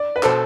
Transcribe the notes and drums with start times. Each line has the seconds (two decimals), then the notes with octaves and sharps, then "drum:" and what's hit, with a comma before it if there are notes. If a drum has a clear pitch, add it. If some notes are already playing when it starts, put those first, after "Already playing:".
Already playing: D5
0.16 B4
0.23 B2 A4 C5, drum: clap